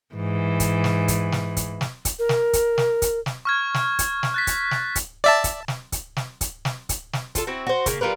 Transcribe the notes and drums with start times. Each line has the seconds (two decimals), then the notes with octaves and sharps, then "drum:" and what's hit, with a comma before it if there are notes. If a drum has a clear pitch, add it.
0.15 G#2 E3
0.60 drum: kick, hi-hat
0.84 drum: snare
1.08 drum: kick, hi-hat
1.32 drum: snare
1.57 drum: kick, hi-hat
1.81 drum: snare
2.05 drum: kick, hi-hat
2.19 A#4
2.29 drum: snare
2.53 drum: kick, hi-hat
2.78 drum: snare
3.02 drum: kick, hi-hat
3.26 drum: snare
3.45 C#6 F6 G#6
3.74 drum: snare
3.99 drum: kick, hi-hat
4.23 drum: snare
4.34 F#6 A6 B6
4.47 drum: kick, hi-hat
4.71 drum: snare
4.95 drum: kick, hi-hat
5.24 D5 E5 A5
5.44 drum: kick, hi-hat
5.68 drum: snare
5.92 drum: kick, hi-hat
6.17 drum: snare
6.41 drum: kick, hi-hat
6.65 drum: snare
6.89 drum: kick, hi-hat
7.13 drum: snare
7.35 F4 A4, drum: kick, hi-hat
7.47 C4 E4 F#4
7.67 F#4 C5
7.86 C#3 A#3, drum: kick, hi-hat
8.01 G3 F4 A#4 B4